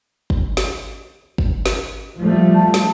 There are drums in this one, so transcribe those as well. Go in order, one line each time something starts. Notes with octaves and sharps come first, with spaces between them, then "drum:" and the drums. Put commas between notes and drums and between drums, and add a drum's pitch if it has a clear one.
drum: kick
drum: snare
drum: kick
drum: snare
F3 G3 A3
A5
drum: snare